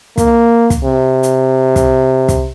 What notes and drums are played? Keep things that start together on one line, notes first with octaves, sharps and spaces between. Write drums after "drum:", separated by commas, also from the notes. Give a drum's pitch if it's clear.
A#3, drum: kick, hi-hat
drum: kick, hi-hat
C3
drum: hi-hat
drum: kick, hi-hat
drum: kick, hi-hat